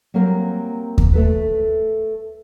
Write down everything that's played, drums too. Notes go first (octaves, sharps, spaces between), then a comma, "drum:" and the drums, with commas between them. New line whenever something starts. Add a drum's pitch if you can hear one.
F#3 G3 A#3 C4 A#4
drum: kick D#2
A3 A4 B4